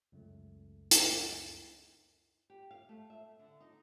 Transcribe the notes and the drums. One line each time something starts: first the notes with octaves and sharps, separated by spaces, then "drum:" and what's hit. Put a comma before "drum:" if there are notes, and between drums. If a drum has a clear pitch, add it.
C#2 F#2 A3
drum: hi-hat
G4
F5
A3
E5
D3
D#4